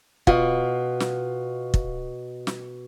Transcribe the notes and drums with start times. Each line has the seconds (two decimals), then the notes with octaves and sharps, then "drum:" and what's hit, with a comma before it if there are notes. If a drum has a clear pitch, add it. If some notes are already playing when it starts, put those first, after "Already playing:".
0.27 B2 F4, drum: kick
1.00 drum: snare
1.74 drum: kick
2.47 drum: snare